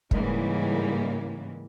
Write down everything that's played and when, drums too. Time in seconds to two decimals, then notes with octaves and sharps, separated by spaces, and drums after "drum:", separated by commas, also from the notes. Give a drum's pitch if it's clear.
0.11 G#2 C#3 E3 G3 G#3 A#3, drum: kick